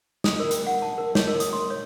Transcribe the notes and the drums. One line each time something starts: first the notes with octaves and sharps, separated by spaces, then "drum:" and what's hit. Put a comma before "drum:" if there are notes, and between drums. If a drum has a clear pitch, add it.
D#6, drum: snare
A#4
G5, drum: hi-hat
F#5
A5
A#4
C#5, drum: snare
A#4
D#6, drum: hi-hat
C6
C#5